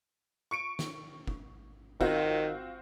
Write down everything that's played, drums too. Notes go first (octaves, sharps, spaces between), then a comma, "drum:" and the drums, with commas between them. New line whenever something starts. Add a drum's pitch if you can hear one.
C#6 C#7 D7
drum: snare
drum: kick
D#3 C4 F4 F#4, drum: kick